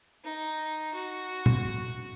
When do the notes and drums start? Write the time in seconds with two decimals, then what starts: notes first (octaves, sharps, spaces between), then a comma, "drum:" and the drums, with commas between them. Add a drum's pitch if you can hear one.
0.25 D#4
0.94 F#4
1.46 drum: tom